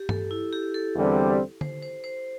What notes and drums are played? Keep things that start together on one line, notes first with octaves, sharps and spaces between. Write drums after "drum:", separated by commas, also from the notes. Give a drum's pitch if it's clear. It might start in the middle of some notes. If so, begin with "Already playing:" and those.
Already playing: G4
A4, drum: tom G2
E4
G4
A4
E2 D3 G3 C4
C5, drum: tom D3
C5
C5